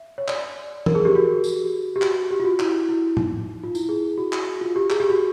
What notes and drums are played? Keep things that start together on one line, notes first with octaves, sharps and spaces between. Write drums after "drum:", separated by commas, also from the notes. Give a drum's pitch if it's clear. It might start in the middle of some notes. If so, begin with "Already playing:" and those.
Already playing: E5
C#5
D5, drum: clap
A#4, drum: tom
G#4
G4
F#4
drum: tambourine
G4
F#4, drum: clap
G4
F4
F#4
E4, drum: clap
E4
D#4, drum: tom
F4
E4, drum: tambourine
G#4
F#4
drum: clap
F4
G4
G#4, drum: clap
G4
F#4